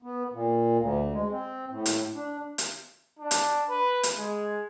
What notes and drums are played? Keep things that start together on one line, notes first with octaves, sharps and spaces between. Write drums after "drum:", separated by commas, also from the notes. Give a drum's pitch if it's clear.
B3
A#2
D2
G#3
C4
A2
drum: hi-hat
D4
drum: hi-hat
D4
drum: hi-hat
B4
drum: hi-hat
G#3